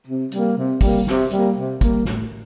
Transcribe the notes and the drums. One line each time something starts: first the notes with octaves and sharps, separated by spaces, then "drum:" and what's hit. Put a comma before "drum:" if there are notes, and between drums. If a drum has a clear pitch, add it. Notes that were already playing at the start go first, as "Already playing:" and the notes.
C3
G3 A#3, drum: hi-hat
C3
G3 A#3, drum: kick, open hi-hat
C3, drum: snare
G3 A#3, drum: hi-hat
C3
G3 A#3, drum: kick, hi-hat
A2, drum: snare